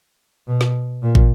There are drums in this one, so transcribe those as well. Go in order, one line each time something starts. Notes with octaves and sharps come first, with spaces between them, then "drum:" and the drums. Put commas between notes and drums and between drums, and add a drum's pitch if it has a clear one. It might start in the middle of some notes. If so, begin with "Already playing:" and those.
B2
drum: snare
A#2
drum: kick